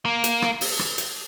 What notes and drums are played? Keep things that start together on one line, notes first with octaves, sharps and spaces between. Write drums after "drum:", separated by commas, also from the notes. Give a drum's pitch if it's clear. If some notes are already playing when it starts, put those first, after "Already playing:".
A#3
drum: hi-hat
drum: rim click
drum: open hi-hat
drum: rim click
drum: hi-hat